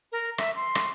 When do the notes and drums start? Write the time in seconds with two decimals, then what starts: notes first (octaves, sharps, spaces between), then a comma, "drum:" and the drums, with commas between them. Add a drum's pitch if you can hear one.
0.12 A#4
0.38 E5, drum: rim click
0.56 C6
0.75 drum: rim click